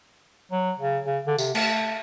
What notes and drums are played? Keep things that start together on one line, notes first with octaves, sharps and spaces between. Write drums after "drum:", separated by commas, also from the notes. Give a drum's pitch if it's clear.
F#3
C#3
C#3
D3
C3, drum: tambourine
A3, drum: cymbal